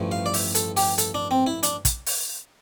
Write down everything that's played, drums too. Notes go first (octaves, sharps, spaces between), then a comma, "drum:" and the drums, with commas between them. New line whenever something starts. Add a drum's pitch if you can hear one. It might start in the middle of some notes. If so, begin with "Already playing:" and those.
Already playing: A1 G2 F3 A3
F5
D5
E5, drum: open hi-hat
A4, drum: hi-hat
G4, drum: open hi-hat
A4, drum: hi-hat
D4
C4
E4
D4, drum: hi-hat
drum: kick, hi-hat
drum: open hi-hat